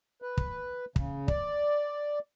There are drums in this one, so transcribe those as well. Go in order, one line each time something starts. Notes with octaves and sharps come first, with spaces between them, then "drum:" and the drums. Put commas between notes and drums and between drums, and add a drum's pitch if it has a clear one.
B4
drum: kick
C#3, drum: kick
D5, drum: kick